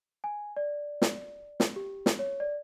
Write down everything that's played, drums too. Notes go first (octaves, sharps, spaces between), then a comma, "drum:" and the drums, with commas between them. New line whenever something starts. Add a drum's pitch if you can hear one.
G#5
D5
drum: snare
drum: snare
G4
drum: snare
C#5
D5